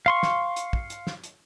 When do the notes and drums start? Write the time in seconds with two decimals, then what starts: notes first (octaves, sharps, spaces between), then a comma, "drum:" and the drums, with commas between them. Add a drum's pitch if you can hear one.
0.06 F5 C6 C#6
0.23 drum: snare
0.56 drum: hi-hat
0.73 drum: kick
0.90 drum: hi-hat
1.07 drum: snare
1.24 drum: hi-hat